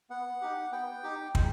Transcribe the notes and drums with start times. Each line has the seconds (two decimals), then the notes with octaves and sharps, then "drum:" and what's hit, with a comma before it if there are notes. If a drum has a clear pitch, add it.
0.10 B3 F#5
0.42 D#4 G4
0.72 B3 G5
1.03 D#4 G4
1.35 G#3 G5, drum: kick